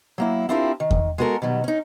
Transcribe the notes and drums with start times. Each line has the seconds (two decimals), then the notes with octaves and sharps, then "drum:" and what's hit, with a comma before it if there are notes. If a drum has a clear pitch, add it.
0.18 F#3 A#3 E4
0.49 C4 D4 E4 F4 G4 A#4
0.80 D#3
0.91 drum: kick E2
1.18 G#3 B3 F#4 A4 A#4
1.42 B2 D#3 F#3 G3
1.64 C#4 D#4